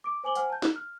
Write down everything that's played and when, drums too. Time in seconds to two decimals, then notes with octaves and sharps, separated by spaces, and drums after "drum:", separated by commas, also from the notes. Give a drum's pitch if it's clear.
0.04 D6 D7
0.24 C5 G#5 D6 F#7 G7
0.35 C5 F#5 G#5 F6, drum: hi-hat
0.50 A5 G6
0.62 F#6, drum: snare
0.76 F6